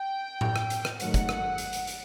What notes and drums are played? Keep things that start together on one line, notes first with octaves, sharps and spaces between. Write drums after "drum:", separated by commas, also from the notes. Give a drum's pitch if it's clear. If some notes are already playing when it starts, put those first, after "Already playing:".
Already playing: G5
drum: tom A2
drum: rim click
drum: hi-hat
drum: rim click
G#2 D#3 F#3 A3 F#5, drum: hi-hat
drum: kick, hi-hat
drum: rim click
drum: hi-hat
drum: hi-hat
drum: hi-hat